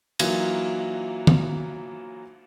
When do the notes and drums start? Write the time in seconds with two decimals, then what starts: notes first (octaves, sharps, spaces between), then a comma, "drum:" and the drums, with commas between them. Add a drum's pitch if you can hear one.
0.19 E3 F#3 A#3 D#4 F4, drum: cymbal
1.27 drum: tom